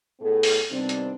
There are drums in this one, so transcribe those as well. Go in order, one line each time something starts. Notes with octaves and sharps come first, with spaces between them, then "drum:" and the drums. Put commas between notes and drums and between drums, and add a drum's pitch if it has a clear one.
A2 B3 G#4 A4
drum: open hi-hat
C3 D#3 G3 B3 C4 D4
drum: hi-hat